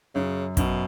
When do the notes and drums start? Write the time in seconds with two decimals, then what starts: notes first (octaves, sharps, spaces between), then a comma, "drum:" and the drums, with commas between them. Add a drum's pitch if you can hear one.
0.15 F#2 C#3
0.57 F#2 B2, drum: kick, hi-hat